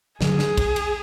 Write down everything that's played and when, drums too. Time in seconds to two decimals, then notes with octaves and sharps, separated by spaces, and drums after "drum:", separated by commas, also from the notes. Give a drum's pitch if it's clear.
0.21 G2 D3 F#3 G#4, drum: snare
0.39 drum: snare
0.58 drum: kick, cymbal
0.76 drum: cymbal